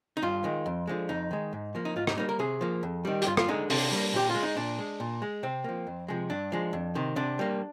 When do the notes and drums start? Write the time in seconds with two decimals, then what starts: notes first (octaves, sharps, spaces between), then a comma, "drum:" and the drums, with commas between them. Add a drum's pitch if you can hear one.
0.17 D#4
0.22 G2 F4
0.44 D#3 G#3
0.66 F2
0.87 D3 F3 G#3
1.09 F2 D#4
1.31 D#3 G#3
1.53 G#2
1.75 F3 A#3
1.85 D#4
1.96 G#2 F4
2.07 D#4, drum: rim click
2.17 G3 A#3 D#4
2.29 A#4
2.39 C3 G#4
2.61 F3 A#3
2.83 F2
3.05 D#3 G3
3.22 G4, drum: hi-hat
3.26 G2 F4
3.37 F4, drum: rim click
3.48 D3 G#3 D#4
3.70 C3 D4, drum: open hi-hat
3.91 G3 A#3
4.13 A#2 G4
4.30 G#3 F4
4.43 D#4
4.56 A#2 D4
4.79 G#3
5.00 A#2
5.22 G#3
5.43 C3 C4
5.64 F3 A#3
5.87 F2
6.08 C3 F3 G#3
6.30 G2 D4
6.52 F3 G#3
6.73 F2
6.95 C3 D#3
7.16 C3 D4
7.39 G3 A#3